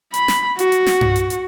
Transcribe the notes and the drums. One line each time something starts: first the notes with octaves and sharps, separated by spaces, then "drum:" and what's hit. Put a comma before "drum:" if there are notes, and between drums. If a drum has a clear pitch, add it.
B5, drum: hi-hat
drum: snare
F#4, drum: hi-hat
drum: hi-hat
drum: snare
drum: tom G2
drum: hi-hat
drum: hi-hat